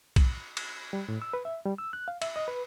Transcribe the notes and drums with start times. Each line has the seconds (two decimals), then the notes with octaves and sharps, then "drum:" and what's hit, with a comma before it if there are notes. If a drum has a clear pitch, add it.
0.16 drum: kick, cymbal
0.57 drum: cymbal
0.93 G3
1.09 A2
1.22 E6
1.33 B4
1.45 E5
1.66 G3
1.78 E6
1.93 F#6
2.08 F5
2.22 E5, drum: cymbal
2.36 D#5
2.48 B4